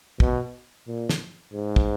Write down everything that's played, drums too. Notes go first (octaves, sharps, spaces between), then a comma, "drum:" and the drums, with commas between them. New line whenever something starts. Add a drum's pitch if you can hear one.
B2, drum: kick
A#2
drum: snare
G#2
drum: kick